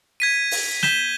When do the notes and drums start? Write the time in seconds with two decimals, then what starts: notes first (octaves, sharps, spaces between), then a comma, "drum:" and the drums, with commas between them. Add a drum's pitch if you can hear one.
0.20 G#6 B6 D#7
0.51 drum: open hi-hat
0.83 G6 B6 E7 G7, drum: snare